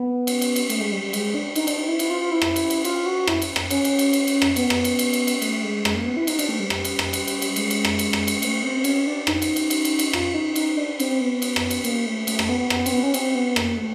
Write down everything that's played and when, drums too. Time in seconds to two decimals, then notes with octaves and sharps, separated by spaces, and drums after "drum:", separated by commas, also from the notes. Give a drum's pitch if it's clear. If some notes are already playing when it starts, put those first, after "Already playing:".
Already playing: B3
0.27 drum: cymbal
0.41 drum: cymbal
0.56 drum: cymbal
0.69 A3, drum: cymbal
0.81 G#3
0.92 G3
1.02 G3
1.13 G#3, drum: cymbal
1.34 D4
1.55 D#4, drum: cymbal
1.67 D4, drum: cymbal
1.77 D#4
1.88 E4
1.99 E4, drum: cymbal
2.10 F4
2.20 F4
2.31 E4
2.42 drum: rim click
2.56 drum: cymbal
2.70 drum: cymbal
2.84 F4, drum: cymbal
3.06 F#4
3.27 E4, drum: rim click
3.42 drum: cymbal
3.56 drum: rim click
3.70 C#4, drum: cymbal
3.84 drum: cymbal
3.99 drum: cymbal
4.13 drum: cymbal
4.27 drum: cymbal
4.42 drum: rim click
4.56 B3, drum: cymbal
4.70 drum: rim click
4.84 drum: cymbal
4.99 drum: cymbal
5.13 drum: cymbal
5.27 drum: cymbal
5.42 A3, drum: cymbal
5.64 G#3
5.85 G#3, drum: rim click
5.95 A#3
6.06 B3
6.17 E4
6.27 D#4, drum: cymbal
6.39 D4, drum: cymbal
6.49 A3
6.60 G3
6.70 drum: rim click
6.85 drum: cymbal
6.99 drum: rim click
7.13 drum: cymbal
7.27 drum: cymbal
7.42 drum: cymbal
7.56 G#3, drum: cymbal
7.70 drum: cymbal
7.85 drum: rim click
7.99 drum: cymbal
8.13 drum: rim click
8.27 drum: cymbal
8.42 A3, drum: cymbal
8.63 C4
8.84 C#4, drum: cymbal
9.07 D4
9.27 D#4, drum: rim click
9.42 drum: cymbal
9.56 drum: cymbal
9.70 drum: cymbal
9.85 drum: cymbal
9.99 drum: cymbal
10.13 F4, drum: rim click
10.34 D#4
10.56 D#4, drum: cymbal
10.77 D4
11.00 C4, drum: cymbal
11.21 B3
11.42 drum: cymbal
11.56 drum: rim click
11.70 drum: cymbal
11.84 A#3, drum: cymbal
12.06 A3
12.27 A3, drum: cymbal
12.39 A3, drum: rim click
12.49 B3
12.59 B3
12.70 B3, drum: rim click
12.86 C4, drum: cymbal
12.91 B3
13.03 C#4
13.14 C4, drum: cymbal
13.35 B3
13.56 A#3, drum: rim click
13.77 A3